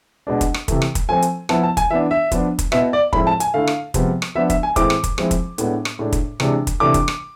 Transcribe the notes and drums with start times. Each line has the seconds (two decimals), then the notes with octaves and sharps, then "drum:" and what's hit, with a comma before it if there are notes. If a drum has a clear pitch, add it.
0.27 B2 G#3 D4
0.41 drum: kick, hi-hat
0.54 drum: rim click
0.68 C3 E3 A3, drum: kick, hi-hat
0.82 drum: rim click
0.95 drum: kick, hi-hat
1.09 F3 A3 C4 G#5
1.22 drum: hi-hat
1.49 F3 B3 E4 A5, drum: rim click
1.63 A5
1.77 G#5, drum: kick, hi-hat
1.90 E3 B3 D4 E5
2.11 E5
2.31 F3 B3 D4, drum: kick, hi-hat
2.59 drum: kick, hi-hat
2.72 B2 B3 E4 E5, drum: rim click
2.93 D5
3.13 A2 F3 G#3 C4 E4 B5, drum: kick
3.27 A5
3.40 G#5, drum: hi-hat
3.54 D3 A3 E4 F5
3.67 drum: rim click
3.94 C3 F3 G#3 B3, drum: kick, hi-hat
4.22 drum: rim click
4.35 F3 B3 D4 E5
4.50 E5, drum: kick, hi-hat
4.63 G#5
4.76 A2 E3 G#3 C4 E4 D6, drum: kick, hi-hat
4.90 drum: rim click
5.04 drum: kick, hi-hat
5.18 F3 G#3 C4 E4, drum: rim click
5.31 drum: kick, hi-hat
5.58 A2 G#3 B3 D4, drum: hi-hat
5.85 drum: rim click
5.99 A2 G#3 D4
6.12 drum: kick, hi-hat
6.40 C3 E3 G#3 D4, drum: rim click
6.67 drum: kick, hi-hat
6.80 C3 E3 A3 D4 D6
6.94 drum: kick, hi-hat
7.08 drum: rim click